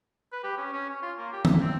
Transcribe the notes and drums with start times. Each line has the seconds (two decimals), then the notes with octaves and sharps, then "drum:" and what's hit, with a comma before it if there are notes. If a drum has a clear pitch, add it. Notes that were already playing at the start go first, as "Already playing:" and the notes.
0.32 B4
0.44 G4
0.57 C#4
0.73 C#4
0.89 C#5
1.02 F4
1.18 A#3
1.33 G4
1.45 E5, drum: tom D#3
1.61 C4